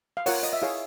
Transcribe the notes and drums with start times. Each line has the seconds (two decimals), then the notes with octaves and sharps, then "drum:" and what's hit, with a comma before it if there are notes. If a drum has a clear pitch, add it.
0.17 F5
0.26 F4 A#4 C#5 F#5, drum: open hi-hat
0.43 D#5, drum: hi-hat
0.53 E5
0.62 E4 G#4 C#5 F5